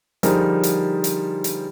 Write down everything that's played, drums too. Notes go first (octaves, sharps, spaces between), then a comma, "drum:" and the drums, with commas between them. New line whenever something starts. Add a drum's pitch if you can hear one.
D3 F3 G3 D#4 G#4 A#4, drum: hi-hat
drum: hi-hat
drum: hi-hat
drum: hi-hat